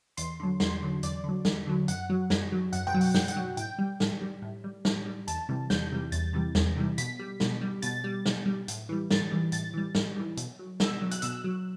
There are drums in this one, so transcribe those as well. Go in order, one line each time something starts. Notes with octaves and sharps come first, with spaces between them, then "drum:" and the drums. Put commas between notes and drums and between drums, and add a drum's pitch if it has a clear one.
E2 C6, drum: hi-hat
D3 F#3
E2 C6, drum: snare
D3 F#3
E2 D5, drum: hi-hat
D3 F#3
E2, drum: snare
D3 F#3
F#2 F#5, drum: hi-hat
F#3
F#2, drum: snare
F#3
F#2 F#5, drum: hi-hat
G5, drum: tom B2
F#3
F#5, drum: open hi-hat
F#2 G5, drum: snare
F#5, drum: hi-hat
F#3
A2 G5, drum: hi-hat
G3
A2, drum: snare
G3
A2
G3
A2, drum: snare
G3
E2 A5, drum: hi-hat
C3 E3 G3
E2 G6, drum: snare
C3 E3 G3
E2 A6, drum: hi-hat
C3 E3 G3
E2, drum: snare
C3 E3 G3
B2 B6, drum: hi-hat
G3
B2, drum: snare
G3
B2 A6, drum: hi-hat
G3
B2, drum: snare
G3
A2, drum: hi-hat
E3 G3
A2 A6, drum: snare
E3 G3
A2 A6, drum: hi-hat
E3 G3
A2, drum: snare
E3 G3
B2, drum: hi-hat
F#3
B2 E6, drum: snare
F#3
F#6, drum: hi-hat
B2 E6, drum: hi-hat
F#3